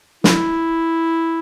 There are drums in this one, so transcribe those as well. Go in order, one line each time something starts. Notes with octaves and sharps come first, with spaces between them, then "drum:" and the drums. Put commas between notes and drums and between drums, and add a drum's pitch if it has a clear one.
E4, drum: snare